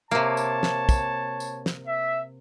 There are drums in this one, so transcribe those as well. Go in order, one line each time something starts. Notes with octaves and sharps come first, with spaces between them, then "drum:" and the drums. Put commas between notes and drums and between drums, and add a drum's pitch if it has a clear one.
C3 A#3 C#5 A5
drum: tambourine
drum: snare
drum: kick, tambourine
drum: tambourine
drum: snare
E5